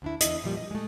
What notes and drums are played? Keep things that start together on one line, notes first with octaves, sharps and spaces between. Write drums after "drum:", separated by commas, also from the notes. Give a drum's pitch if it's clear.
D2 D4 E4
E2 D4 E4 G#4 D#5, drum: hi-hat
A#2 F3 G3
D#5
G#3 A3